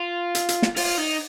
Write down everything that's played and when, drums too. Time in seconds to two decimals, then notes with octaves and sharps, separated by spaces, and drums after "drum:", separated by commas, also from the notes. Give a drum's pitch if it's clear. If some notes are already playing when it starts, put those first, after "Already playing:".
Already playing: F4
0.35 drum: hi-hat
0.49 drum: hi-hat
0.62 drum: snare
0.76 F4, drum: open hi-hat
0.98 D#4